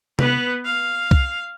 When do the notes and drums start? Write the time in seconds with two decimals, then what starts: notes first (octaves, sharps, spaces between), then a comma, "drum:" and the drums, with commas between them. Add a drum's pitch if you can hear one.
0.19 B3 B4, drum: tom C3
0.65 F5
1.11 drum: kick C2